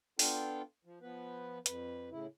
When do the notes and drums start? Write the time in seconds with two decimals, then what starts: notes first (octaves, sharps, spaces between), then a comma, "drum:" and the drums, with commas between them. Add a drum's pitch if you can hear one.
0.19 B3 D4 F4 A4 F5 G5, drum: open hi-hat
0.85 F3
1.02 F3 B3 B4
1.66 F2 B4, drum: hi-hat
2.11 A2 C#3 E4